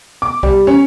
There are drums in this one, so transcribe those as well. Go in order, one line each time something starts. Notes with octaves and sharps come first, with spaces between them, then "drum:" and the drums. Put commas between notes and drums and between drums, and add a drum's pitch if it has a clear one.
D6
G3, drum: kick B1
C#4